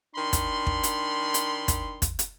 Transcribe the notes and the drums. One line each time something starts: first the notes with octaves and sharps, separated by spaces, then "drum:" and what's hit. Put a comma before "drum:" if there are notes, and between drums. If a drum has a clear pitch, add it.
D#3 D4 B5 C6
drum: kick, hi-hat
drum: kick
drum: hi-hat
drum: hi-hat
drum: kick, hi-hat
drum: kick, hi-hat
drum: hi-hat